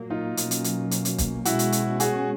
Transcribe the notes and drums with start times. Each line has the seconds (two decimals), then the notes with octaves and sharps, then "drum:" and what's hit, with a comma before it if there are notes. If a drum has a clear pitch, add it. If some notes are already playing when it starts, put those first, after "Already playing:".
Already playing: A#2 F#3 A#3
0.10 D#4 F4
0.37 B2 F#3 A#3 C#4, drum: hi-hat
0.51 drum: hi-hat
0.64 drum: hi-hat
0.91 drum: hi-hat
1.05 drum: hi-hat
1.18 drum: kick, hi-hat
1.45 B2 G#3 C#4 E4 F#4, drum: hi-hat
1.59 drum: hi-hat
1.72 drum: hi-hat
2.00 F#4 G#4, drum: hi-hat